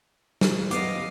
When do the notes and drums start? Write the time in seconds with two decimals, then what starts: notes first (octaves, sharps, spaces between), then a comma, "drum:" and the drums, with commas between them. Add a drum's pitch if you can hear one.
0.41 drum: snare
0.71 F#2 B3 D#5 F5 D6, drum: hi-hat